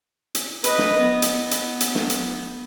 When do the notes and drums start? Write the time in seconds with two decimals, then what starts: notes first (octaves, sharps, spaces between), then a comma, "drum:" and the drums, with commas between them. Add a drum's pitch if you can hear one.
0.35 drum: hi-hat
0.64 B4 D#5, drum: hi-hat
0.78 drum: snare
0.99 B3
1.22 drum: hi-hat
1.51 drum: hi-hat
1.80 drum: hi-hat
1.95 drum: snare
2.10 drum: hi-hat